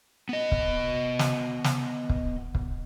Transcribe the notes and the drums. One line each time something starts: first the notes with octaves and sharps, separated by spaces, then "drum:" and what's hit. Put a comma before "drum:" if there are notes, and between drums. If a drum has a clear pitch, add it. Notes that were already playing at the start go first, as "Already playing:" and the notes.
B3 D#5
drum: kick
drum: snare
drum: snare
drum: kick
drum: kick